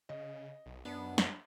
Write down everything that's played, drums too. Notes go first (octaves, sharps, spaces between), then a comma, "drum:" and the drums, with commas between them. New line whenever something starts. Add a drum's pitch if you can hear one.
C#3 D#5
B1
F#2 B3 D4
drum: snare